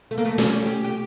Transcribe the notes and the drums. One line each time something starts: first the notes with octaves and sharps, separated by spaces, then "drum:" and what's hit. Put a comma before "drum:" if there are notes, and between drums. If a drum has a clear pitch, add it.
A3
A#3
A3
C#4, drum: snare
G4
G4